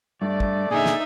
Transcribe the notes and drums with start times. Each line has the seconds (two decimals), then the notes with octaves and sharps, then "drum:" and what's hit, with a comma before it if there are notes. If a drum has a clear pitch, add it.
0.22 G2 A3 D5
0.40 drum: kick
0.71 A#2 D3 D#4 G#4 E5
0.86 drum: snare